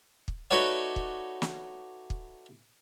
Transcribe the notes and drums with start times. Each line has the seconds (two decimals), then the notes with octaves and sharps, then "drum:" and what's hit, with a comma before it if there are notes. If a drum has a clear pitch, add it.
0.28 drum: kick
0.51 A3 D#4 F#4 B4 C#5 D5
0.96 drum: kick
1.42 drum: snare
2.10 drum: kick